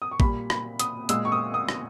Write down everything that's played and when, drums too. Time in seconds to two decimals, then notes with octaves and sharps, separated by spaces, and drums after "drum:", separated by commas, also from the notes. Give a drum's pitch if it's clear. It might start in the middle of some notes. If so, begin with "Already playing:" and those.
0.02 D#6
0.11 C#6
0.20 A#2 G3 A#3 B5, drum: kick
0.50 B5, drum: rim click
0.79 D#6, drum: hi-hat
1.09 A#2 G#3 E6, drum: hi-hat
1.25 C#6
1.32 D#6
1.54 D#6
1.69 drum: rim click